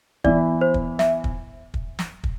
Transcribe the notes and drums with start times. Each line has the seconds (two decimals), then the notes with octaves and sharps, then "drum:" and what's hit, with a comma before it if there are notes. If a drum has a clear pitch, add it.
0.24 E3 B3 E4 D5, drum: kick
0.61 C5
0.74 drum: kick
0.99 E5, drum: snare
1.24 drum: kick
1.74 drum: kick
1.99 drum: snare
2.24 drum: kick